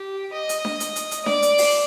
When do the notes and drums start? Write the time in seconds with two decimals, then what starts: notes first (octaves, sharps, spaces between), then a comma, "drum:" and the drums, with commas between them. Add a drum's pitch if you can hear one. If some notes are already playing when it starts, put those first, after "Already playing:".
Already playing: G4
0.34 D#5
0.49 drum: hi-hat
0.65 drum: snare D4
0.80 drum: hi-hat
0.96 drum: hi-hat
1.11 drum: hi-hat
1.26 D5, drum: snare D4
1.42 drum: hi-hat
1.58 drum: open hi-hat